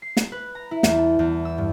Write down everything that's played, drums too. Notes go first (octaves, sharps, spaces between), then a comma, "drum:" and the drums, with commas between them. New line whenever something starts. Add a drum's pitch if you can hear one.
C7
drum: snare
B4
A#5
E4
E2, drum: snare
A4
E2
E6
G2